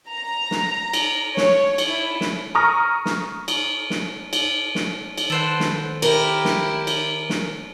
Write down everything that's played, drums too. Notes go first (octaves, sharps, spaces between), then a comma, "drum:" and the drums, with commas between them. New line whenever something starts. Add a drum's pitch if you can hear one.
A#5
drum: snare
drum: cymbal
C#5, drum: snare
drum: cymbal
E4
drum: snare
A#5 C#6 D#6 F6 A#6
drum: snare
drum: cymbal
drum: snare
drum: cymbal
drum: snare
drum: cymbal
D#3 A4 B4 C5 F#5
drum: snare
E4 G4 A#4, drum: cymbal
drum: snare
drum: cymbal
drum: snare